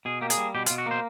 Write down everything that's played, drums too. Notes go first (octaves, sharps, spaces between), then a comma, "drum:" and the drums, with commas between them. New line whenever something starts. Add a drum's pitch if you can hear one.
B2 G#4
A#3 G4
G#4, drum: hi-hat
G3
B2 G4
F4, drum: hi-hat
B2
F#4
A#3 C5